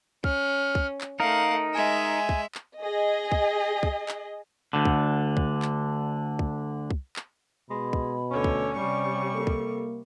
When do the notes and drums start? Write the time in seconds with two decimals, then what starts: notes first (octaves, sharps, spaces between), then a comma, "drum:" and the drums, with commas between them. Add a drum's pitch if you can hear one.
0.24 C#4 F6, drum: kick
0.75 drum: kick
1.01 drum: clap
1.20 A3 D#4 A#4 F5 F#5
1.74 G#3 E5 G#5
2.29 drum: kick
2.55 drum: clap
2.78 G#4 D#5
3.32 drum: kick
3.83 drum: kick
4.08 drum: clap
4.73 D2 D3
4.85 drum: kick
5.37 drum: kick
5.62 drum: clap
6.39 drum: kick
6.91 drum: kick
7.16 drum: clap
7.70 B2 G#3 B5
7.93 drum: kick
8.31 D2 D3 C#4 C#5
8.44 drum: kick
8.76 C3 G3 D5 C#6
9.34 A#3 A4
9.47 drum: kick